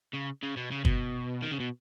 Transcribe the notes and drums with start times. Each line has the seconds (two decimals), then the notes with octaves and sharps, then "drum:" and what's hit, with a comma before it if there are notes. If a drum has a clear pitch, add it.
0.14 C#3
0.43 C#3
0.57 B2
0.71 C#3
0.85 B2, drum: kick
1.42 D#3
1.51 C#3
1.60 B2